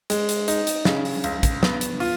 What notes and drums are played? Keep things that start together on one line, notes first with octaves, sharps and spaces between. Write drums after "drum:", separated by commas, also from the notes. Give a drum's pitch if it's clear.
G#3, drum: hi-hat
drum: hi-hat
D#4, drum: hi-hat
drum: hi-hat
C#3, drum: snare
drum: open hi-hat
C#2, drum: hi-hat
drum: kick, hi-hat
B3, drum: snare
drum: hi-hat
F4, drum: open hi-hat